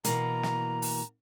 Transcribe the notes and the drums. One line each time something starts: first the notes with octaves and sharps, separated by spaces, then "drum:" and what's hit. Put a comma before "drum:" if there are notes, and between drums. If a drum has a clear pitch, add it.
B2 E3 A#3 A#5, drum: hi-hat
drum: snare
drum: open hi-hat